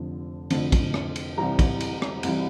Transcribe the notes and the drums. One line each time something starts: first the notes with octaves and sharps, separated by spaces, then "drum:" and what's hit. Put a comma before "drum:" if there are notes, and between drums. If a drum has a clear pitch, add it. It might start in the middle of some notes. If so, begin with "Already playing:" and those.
Already playing: F1 F2 D3 F3
F1 F2 D3 F3, drum: cymbal
drum: kick, cymbal
drum: rim click
drum: cymbal
C2 C3 E3 G3 A#5
drum: kick, cymbal
drum: cymbal
drum: rim click
C2 C3 E3 G3, drum: cymbal